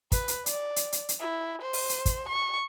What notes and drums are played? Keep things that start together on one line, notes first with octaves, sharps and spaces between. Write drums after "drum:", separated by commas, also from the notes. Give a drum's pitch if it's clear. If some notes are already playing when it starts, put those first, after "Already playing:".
B4, drum: kick, hi-hat
drum: hi-hat
D5, drum: hi-hat
drum: hi-hat
drum: hi-hat
drum: hi-hat
E4
C5
drum: open hi-hat
drum: hi-hat
drum: kick, hi-hat
C#6